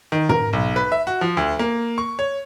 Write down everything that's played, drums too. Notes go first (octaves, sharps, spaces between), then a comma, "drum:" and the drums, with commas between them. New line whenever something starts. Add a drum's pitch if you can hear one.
D#3
A#4, drum: tom
B1
B4
E5
F#4
F3
D2
A#3
C#6
C#5